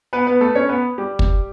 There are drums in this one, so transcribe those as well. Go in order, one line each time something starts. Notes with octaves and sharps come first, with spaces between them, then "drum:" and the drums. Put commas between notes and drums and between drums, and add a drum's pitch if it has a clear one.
B3 B4
B3 B4
A3 A4
B4
C#4 C#5
B3 B4
G3 G4
drum: kick